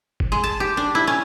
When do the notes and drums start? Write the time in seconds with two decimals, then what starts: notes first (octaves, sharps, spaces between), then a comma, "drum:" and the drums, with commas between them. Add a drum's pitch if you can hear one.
0.20 drum: kick
0.32 G#3
0.44 A5
0.60 G4
0.77 D4
0.95 E4
1.07 C#4